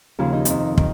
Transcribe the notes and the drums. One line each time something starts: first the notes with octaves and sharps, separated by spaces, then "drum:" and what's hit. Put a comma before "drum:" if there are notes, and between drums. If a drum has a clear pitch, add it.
D#2 C#3 F3 F4
D#4
F2 C3 D#3, drum: hi-hat
D#3, drum: kick